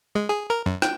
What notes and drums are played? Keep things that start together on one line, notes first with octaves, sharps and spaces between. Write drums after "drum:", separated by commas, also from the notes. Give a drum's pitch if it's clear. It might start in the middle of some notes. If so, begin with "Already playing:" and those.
G#3
G#4
A#4
F#2
G5, drum: rim click